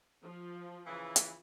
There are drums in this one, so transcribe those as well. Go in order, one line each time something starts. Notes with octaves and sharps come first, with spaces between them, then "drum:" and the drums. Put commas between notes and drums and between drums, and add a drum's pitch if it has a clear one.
F3
C#3 E3
drum: hi-hat